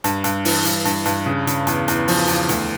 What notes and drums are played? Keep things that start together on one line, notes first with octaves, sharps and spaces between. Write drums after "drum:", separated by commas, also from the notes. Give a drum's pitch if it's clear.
G2, drum: hi-hat
G2, drum: hi-hat
E3, drum: open hi-hat
G2, drum: hi-hat
G2, drum: hi-hat
G2, drum: hi-hat
C#3
C#3, drum: hi-hat
E2, drum: hi-hat
E2, drum: hi-hat
F3, drum: open hi-hat
E2, drum: hi-hat
D2, drum: hi-hat